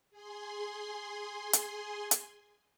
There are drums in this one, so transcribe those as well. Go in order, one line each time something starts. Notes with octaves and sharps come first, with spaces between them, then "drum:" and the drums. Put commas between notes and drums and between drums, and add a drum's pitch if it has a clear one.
G#4 G#5 C6
drum: hi-hat
drum: hi-hat